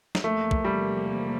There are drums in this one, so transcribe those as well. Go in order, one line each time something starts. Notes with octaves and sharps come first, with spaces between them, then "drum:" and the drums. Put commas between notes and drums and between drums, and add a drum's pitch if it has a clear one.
drum: snare
E2 C3 F3 A3 A#3
drum: kick
G3